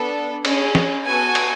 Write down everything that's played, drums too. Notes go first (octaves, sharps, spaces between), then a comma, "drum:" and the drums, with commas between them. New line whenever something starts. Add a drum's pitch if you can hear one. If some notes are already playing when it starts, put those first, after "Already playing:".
Already playing: B3 D4 A4
C#4 G#4, drum: cymbal
drum: snare
B3 F#4 A4 G#5
drum: cymbal